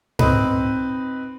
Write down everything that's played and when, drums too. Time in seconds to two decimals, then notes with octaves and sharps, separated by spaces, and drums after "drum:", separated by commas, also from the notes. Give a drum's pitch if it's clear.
0.19 C4 D#4 B4, drum: tom G#2